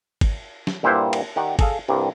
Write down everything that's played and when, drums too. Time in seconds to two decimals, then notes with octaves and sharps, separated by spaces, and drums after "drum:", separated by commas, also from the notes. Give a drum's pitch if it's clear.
0.21 drum: kick G#1, cymbal
0.67 drum: snare
0.83 G2 A#2 E4 G4 C5 F#5
1.13 drum: cymbal
1.36 D#3 G4 D5 F#5
1.59 G#4 A4 F5, drum: kick G#1, cymbal
1.88 C2 G2 D5